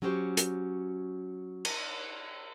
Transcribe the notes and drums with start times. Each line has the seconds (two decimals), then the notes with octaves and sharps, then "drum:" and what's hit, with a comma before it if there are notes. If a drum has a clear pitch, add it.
0.02 F#3 C#4 F#4 G4 C5
0.37 drum: hi-hat
1.65 drum: cymbal